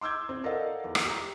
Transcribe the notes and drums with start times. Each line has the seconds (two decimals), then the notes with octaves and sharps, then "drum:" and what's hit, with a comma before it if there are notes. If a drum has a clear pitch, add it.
0.01 C6 D6 E6 G6 G#6
0.29 C4
0.43 A4 A#4 D5 D#5 F5 F#5
0.84 E2
0.95 drum: rim click
1.05 G4 A#5